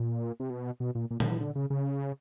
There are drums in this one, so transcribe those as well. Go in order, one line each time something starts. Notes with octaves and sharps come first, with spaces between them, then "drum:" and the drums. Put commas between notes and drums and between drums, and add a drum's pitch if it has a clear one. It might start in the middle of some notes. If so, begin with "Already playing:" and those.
Already playing: A#2
C3
B2
B2
A#2
A#2
D#3, drum: tom A#2
E3
D3
C#3
C#3